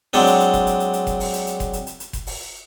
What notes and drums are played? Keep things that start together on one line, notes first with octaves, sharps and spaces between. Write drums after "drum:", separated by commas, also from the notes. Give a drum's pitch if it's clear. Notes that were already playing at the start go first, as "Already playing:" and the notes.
F#3 G#3 C4 D4, drum: open hi-hat
drum: hi-hat
drum: hi-hat
drum: kick F1, hi-hat
drum: hi-hat
drum: hi-hat
drum: hi-hat
drum: kick F1, hi-hat
drum: open hi-hat
drum: hi-hat
drum: hi-hat
drum: kick F1, hi-hat
drum: hi-hat
drum: hi-hat
drum: hi-hat
drum: kick F1, hi-hat
drum: open hi-hat